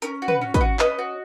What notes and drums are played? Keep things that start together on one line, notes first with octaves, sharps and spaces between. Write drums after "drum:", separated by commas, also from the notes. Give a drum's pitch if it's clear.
C#4 A#4, drum: hi-hat
F#4
B4, drum: tom
C#4
B4 D#5, drum: kick, hi-hat
F#4
C#4 B4 D#5, drum: clap
F#4